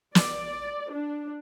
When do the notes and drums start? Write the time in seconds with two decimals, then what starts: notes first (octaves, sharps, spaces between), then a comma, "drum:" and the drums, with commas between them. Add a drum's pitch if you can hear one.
0.15 D5, drum: snare
0.92 D4